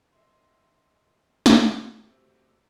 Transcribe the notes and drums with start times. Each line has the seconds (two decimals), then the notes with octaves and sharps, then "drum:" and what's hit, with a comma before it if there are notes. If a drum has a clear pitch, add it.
0.13 D#5 E5 C6
1.46 D#2, drum: snare
2.04 A3 C4 F#4 G4 E5